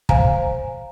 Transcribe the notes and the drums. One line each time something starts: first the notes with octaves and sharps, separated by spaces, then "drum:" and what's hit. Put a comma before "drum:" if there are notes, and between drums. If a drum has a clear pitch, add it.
C5 F5 G#5 A#5, drum: kick